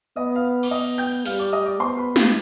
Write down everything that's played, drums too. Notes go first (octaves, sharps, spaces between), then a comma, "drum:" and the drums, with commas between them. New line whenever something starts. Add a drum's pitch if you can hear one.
B3 D#5 D#6
F5 F6
D6, drum: cymbal
B3 D#5 D#6
G5 G6
G3 F5 F6, drum: open hi-hat
D5 D6
D#5 D#6
D5 D6
B3 C5 C6
B4 B5
F5, drum: snare